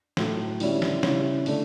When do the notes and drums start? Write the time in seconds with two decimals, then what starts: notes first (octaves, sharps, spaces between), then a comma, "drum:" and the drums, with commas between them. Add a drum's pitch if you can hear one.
0.17 A2 F#3 A3, drum: snare
0.60 D3 G3 C#4 E4, drum: open hi-hat
0.82 drum: snare
1.03 C#3 G3 C#4 E4, drum: snare
1.46 D3 A3 D4, drum: open hi-hat